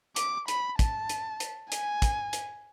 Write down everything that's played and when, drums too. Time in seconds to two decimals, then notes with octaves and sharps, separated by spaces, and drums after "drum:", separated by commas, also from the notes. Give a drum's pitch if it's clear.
0.16 D6, drum: hi-hat
0.48 B5, drum: hi-hat
0.79 A5, drum: kick, hi-hat
1.09 drum: hi-hat
1.40 drum: hi-hat
1.72 G#5, drum: hi-hat
2.02 drum: kick, hi-hat
2.33 drum: hi-hat